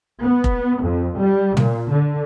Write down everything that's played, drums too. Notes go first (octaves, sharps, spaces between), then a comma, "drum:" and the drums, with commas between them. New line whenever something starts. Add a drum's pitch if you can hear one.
B3
drum: kick F1
F2
G3
A#2, drum: tom
D3